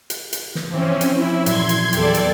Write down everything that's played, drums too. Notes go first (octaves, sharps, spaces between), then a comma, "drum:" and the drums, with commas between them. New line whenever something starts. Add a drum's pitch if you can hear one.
drum: hi-hat
drum: hi-hat
drum: snare
E3 F3 C4 C#4
drum: hi-hat
E4
A#2 F#3 E4 C6 G#6, drum: hi-hat
drum: hi-hat
E2 C4 G4 A4 D5, drum: hi-hat
drum: hi-hat